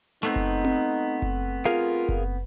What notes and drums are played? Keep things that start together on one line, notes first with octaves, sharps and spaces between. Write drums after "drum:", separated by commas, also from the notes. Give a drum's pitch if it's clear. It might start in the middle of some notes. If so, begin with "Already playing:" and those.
A3 B3 C4 D#4
drum: kick F#1
drum: tom C4
drum: kick F#1
F4 G#4 A#4 F5
drum: kick F#1